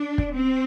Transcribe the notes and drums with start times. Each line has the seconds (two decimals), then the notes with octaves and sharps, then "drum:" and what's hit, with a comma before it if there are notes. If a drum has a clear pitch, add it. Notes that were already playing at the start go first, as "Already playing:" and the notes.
Already playing: D4
0.18 drum: kick
0.36 C4